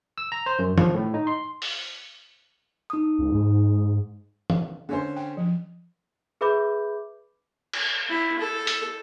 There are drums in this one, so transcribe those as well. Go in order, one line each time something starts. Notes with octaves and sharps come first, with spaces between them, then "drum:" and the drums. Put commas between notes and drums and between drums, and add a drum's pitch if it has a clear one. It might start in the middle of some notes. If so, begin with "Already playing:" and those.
E6
A#5
C5
F#2
F3, drum: tom
A2
D#4
C6
drum: open hi-hat
D#4 D#6
C#2
G#2
drum: tom
D3 C#4 C5
G5
F3
G#4 B4 E5 B5 D6 G6
drum: cymbal
E4
A4
drum: hi-hat